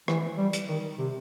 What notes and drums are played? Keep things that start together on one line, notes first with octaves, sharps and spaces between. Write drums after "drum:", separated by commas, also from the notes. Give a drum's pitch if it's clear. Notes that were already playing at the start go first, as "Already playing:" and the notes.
E3, drum: rim click
G3
drum: hi-hat
D#3
C3